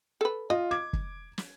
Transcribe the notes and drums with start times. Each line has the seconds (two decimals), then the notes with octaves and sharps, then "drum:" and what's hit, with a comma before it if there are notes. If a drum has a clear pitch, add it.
0.21 A4 B4
0.50 F4 D#5
0.71 D6 G#6
0.93 drum: kick
1.38 drum: snare